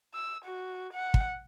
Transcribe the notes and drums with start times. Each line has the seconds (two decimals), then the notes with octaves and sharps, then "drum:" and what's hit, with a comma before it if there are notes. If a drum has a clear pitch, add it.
0.14 E6
0.45 F#4
0.93 F#5
1.14 drum: kick